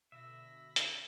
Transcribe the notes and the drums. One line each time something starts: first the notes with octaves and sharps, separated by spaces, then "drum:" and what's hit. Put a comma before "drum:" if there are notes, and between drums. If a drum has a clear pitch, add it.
B2 D3 E5 B5 A#6
drum: hi-hat